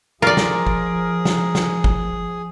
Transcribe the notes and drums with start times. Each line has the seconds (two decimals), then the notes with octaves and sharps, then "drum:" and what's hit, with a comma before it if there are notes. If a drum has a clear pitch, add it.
0.22 F3 F4 G#4 A#4 D5
0.37 drum: snare
0.67 drum: kick
1.25 drum: snare
1.55 drum: snare
1.84 drum: kick